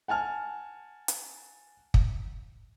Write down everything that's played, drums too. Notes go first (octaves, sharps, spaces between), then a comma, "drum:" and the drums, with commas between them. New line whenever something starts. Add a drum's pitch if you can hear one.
F#5 G#5 A5 F6
drum: hi-hat
drum: kick